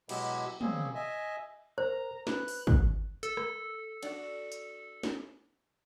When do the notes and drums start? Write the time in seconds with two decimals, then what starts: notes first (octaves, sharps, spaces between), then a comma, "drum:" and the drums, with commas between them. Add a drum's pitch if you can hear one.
0.09 B2 F#3 G#3 B3 E4 G4, drum: cymbal
0.61 G3 A#3 C4 C#4 G#4, drum: tom
0.95 D#5 E5 G#5
1.78 A#4 C5 A#5
2.27 B4 F#6, drum: snare
2.48 drum: open hi-hat
2.67 drum: kick
3.23 A4, drum: hi-hat
3.37 drum: rim click
4.03 D4 F#4, drum: cymbal
4.52 drum: hi-hat
5.03 drum: snare